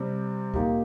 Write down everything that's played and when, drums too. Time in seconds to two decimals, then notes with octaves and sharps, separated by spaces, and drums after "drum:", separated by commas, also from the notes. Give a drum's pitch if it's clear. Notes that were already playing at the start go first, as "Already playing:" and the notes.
Already playing: C3 G3 C4
0.54 A#2 A#3 D#4 G4, drum: kick D2